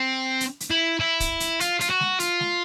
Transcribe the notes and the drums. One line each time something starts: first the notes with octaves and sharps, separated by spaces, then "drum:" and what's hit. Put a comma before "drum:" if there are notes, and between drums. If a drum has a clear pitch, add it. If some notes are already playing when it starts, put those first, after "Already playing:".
Already playing: C4
drum: hi-hat
drum: hi-hat
E4
E4
drum: kick, hi-hat
drum: hi-hat
F4, drum: hi-hat
F4, drum: hi-hat
F#4
drum: snare G#3
F4, drum: hi-hat
drum: snare G#3